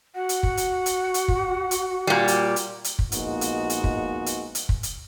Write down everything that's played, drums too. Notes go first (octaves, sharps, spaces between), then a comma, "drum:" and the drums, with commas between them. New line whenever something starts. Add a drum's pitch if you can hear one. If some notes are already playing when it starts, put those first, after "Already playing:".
F#4 F#5
drum: hi-hat
drum: kick
drum: hi-hat
drum: hi-hat
drum: hi-hat
drum: kick
drum: hi-hat
A#2 G3
drum: hi-hat
drum: hi-hat
drum: hi-hat
drum: kick
A#1 G#3 A#3 B3 D#4 F#4, drum: hi-hat
drum: hi-hat
drum: hi-hat
drum: kick
drum: hi-hat
drum: hi-hat
drum: kick
drum: hi-hat